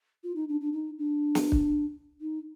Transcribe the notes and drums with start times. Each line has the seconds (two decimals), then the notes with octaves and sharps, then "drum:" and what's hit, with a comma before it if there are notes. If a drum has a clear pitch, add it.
0.23 F4
0.35 D#4
0.48 D4
0.60 D4
0.73 D#4
0.98 D4
1.35 drum: snare
1.52 drum: kick
2.21 D#4